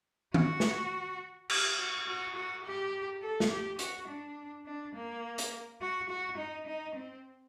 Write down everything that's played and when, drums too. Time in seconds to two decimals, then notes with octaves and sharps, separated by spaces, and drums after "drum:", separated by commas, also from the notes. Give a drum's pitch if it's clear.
0.34 F#4, drum: tom D#3
0.60 drum: snare
1.49 G4, drum: cymbal
1.78 F#4
2.07 F#4
2.35 F#4
2.64 G4
3.22 A4
3.40 drum: snare
3.51 G4
3.79 F#4, drum: hi-hat
4.08 D4
4.66 D4
4.95 A#3
5.38 drum: hi-hat
5.81 F#4
6.09 F#4
6.38 D#4
6.67 D#4
6.95 C4